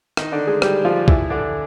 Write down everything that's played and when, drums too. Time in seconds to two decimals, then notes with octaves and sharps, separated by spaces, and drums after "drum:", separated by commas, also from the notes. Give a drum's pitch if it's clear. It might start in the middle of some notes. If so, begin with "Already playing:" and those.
0.17 D#3 D#4, drum: rim click
0.32 D3 D4
0.47 G#3 G#4
0.62 G3 G4, drum: rim click
0.85 F3 F4
1.08 E3 E4, drum: kick
1.30 D3 D4